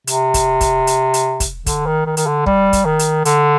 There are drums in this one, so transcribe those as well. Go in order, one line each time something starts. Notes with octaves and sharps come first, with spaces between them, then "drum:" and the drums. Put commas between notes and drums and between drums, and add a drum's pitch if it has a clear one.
C3, drum: hi-hat
drum: kick, hi-hat
drum: kick, hi-hat
drum: hi-hat
drum: hi-hat
drum: kick, hi-hat
D3, drum: kick, hi-hat
D#3
D#3
D#3, drum: hi-hat
D3
G3, drum: kick
drum: kick, hi-hat
D#3
drum: hi-hat
D3, drum: hi-hat